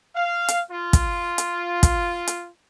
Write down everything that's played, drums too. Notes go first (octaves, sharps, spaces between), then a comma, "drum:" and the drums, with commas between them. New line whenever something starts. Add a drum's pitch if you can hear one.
F5
drum: hi-hat
F4
drum: kick, hi-hat
drum: hi-hat
drum: kick, hi-hat
drum: hi-hat